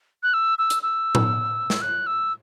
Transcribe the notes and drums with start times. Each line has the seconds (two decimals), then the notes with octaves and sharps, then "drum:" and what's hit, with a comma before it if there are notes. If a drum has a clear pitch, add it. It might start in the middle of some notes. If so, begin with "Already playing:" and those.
0.23 F#6
0.34 E6
0.58 E6
0.70 drum: hi-hat
0.83 E6
1.15 drum: tom A2
1.70 drum: snare
1.82 F#6
2.07 E6